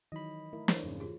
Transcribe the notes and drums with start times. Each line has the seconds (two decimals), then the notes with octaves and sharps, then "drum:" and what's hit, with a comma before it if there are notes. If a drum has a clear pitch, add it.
0.12 D#3 E3 F#3 D#5 B5
0.53 A3 E4 A#4
0.68 E3 E4 A#4 C5 C#5 F5, drum: snare
0.83 F2 G#2 C#3
1.00 F4 G4 G#4